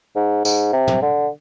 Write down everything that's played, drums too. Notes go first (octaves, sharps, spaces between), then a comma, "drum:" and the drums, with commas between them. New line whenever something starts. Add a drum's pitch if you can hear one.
G#2
G#2, drum: tambourine
C3
drum: tom
D3